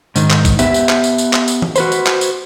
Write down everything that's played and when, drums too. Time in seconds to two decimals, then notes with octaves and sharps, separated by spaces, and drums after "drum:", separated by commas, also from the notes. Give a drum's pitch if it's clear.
0.16 G#2 D#3, drum: tambourine
0.30 drum: clap
0.45 drum: kick, tambourine
0.59 B3 G4 E5, drum: tambourine
0.74 drum: tambourine
0.89 drum: clap
1.04 drum: tambourine
1.18 drum: tambourine
1.33 drum: clap
1.48 drum: tambourine
1.62 drum: tom E3
1.76 F#4 B4 C5, drum: tambourine
1.92 drum: tambourine
2.06 drum: clap
2.21 drum: tambourine